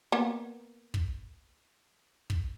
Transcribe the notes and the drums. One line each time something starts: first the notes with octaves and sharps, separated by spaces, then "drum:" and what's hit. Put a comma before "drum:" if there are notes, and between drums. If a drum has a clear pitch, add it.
A#3 B3
drum: kick
drum: kick